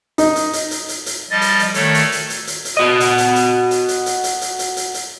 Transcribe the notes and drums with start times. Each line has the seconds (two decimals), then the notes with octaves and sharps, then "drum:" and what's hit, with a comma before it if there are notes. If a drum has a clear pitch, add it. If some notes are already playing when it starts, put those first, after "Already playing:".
0.18 D#4, drum: hi-hat
0.36 drum: hi-hat
0.53 drum: hi-hat
0.71 drum: hi-hat
0.89 drum: hi-hat
1.06 drum: hi-hat
1.31 F3 G3 D#5 A6
1.42 drum: hi-hat
1.59 drum: hi-hat
1.74 D#3 A3 A4 C#5 D5, drum: hi-hat
1.94 drum: hi-hat
2.12 drum: hi-hat
2.30 drum: hi-hat
2.47 drum: hi-hat
2.65 drum: hi-hat
2.77 F#4 D#5
3.00 drum: hi-hat
3.18 drum: hi-hat
3.36 drum: hi-hat
3.71 drum: hi-hat
3.89 drum: hi-hat
4.06 drum: hi-hat
4.24 drum: hi-hat
4.41 drum: hi-hat
4.59 drum: hi-hat
4.77 drum: hi-hat
4.94 drum: hi-hat